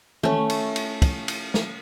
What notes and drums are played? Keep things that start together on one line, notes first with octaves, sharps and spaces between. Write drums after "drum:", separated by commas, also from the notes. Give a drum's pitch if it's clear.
A3 C#4, drum: tom D#3
drum: cymbal
drum: cymbal
drum: kick, cymbal
drum: cymbal
drum: snare